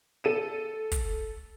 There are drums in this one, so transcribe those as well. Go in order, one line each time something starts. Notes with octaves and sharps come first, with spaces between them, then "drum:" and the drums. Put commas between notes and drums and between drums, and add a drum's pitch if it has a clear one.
A4 D#7 E7
drum: kick, hi-hat